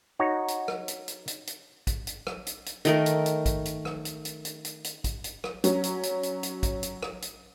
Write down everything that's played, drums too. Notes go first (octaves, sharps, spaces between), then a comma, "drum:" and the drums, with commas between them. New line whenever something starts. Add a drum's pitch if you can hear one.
D#4 F#4 C#5
drum: hi-hat
drum: rim click
drum: hi-hat
drum: hi-hat
drum: hi-hat
drum: hi-hat
drum: kick, hi-hat
drum: hi-hat
drum: rim click
drum: hi-hat
drum: hi-hat
D#3 A3 A#4, drum: hi-hat
drum: hi-hat
drum: hi-hat
drum: kick, hi-hat
drum: hi-hat
drum: rim click
drum: hi-hat
drum: hi-hat
drum: hi-hat
drum: hi-hat
drum: hi-hat
drum: kick, hi-hat
drum: hi-hat
drum: rim click
F#3 C#4, drum: hi-hat
drum: hi-hat
drum: hi-hat
drum: hi-hat
drum: hi-hat
drum: kick, hi-hat
drum: hi-hat
drum: rim click
drum: hi-hat